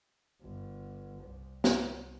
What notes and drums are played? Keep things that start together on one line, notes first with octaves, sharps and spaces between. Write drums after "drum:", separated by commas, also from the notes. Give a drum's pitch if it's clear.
G1
C2
drum: snare